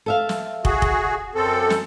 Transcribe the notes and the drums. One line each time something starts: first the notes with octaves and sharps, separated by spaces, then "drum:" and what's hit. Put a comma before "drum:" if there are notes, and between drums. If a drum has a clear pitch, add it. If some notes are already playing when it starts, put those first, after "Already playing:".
A4 E5 F5
drum: snare
F#4 G#4, drum: kick
drum: kick
F#2 C4 A4
drum: snare